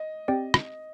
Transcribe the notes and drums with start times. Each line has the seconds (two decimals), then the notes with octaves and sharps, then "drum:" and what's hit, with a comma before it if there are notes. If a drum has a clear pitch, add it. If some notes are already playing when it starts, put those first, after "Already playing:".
Already playing: D#5
0.28 C4 G4 D5 G5
0.54 drum: rim click